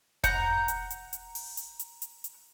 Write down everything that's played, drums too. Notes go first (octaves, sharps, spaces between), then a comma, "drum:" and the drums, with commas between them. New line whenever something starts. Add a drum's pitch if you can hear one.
F#5 A#5 G6, drum: kick F1, hi-hat
drum: hi-hat
drum: hi-hat
drum: hi-hat
drum: open hi-hat
drum: hi-hat
drum: hi-hat
drum: hi-hat
drum: hi-hat